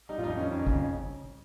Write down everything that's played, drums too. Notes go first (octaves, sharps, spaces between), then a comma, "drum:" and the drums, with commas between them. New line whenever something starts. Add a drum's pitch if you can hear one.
G3 D#4
F4, drum: tom A2
F2 D#4
D#3 C#4
F2
C#3, drum: kick